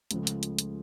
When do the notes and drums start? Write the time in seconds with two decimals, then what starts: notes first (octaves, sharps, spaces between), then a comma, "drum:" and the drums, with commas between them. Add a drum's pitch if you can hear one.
0.11 C#2 C#3 F3 A3, drum: hi-hat
0.27 drum: hi-hat
0.43 drum: hi-hat
0.59 drum: hi-hat